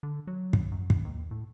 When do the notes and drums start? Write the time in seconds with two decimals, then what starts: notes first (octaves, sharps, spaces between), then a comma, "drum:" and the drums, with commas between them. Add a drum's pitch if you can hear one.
0.03 D3
0.27 F#3
0.53 drum: kick
0.72 F#2
0.90 drum: kick
1.05 D#2
1.31 A2